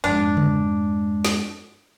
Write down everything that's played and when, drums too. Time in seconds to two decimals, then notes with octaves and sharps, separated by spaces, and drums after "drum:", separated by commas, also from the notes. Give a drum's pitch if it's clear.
0.04 F2 G#2 D4
0.37 drum: tom C#3
1.25 drum: snare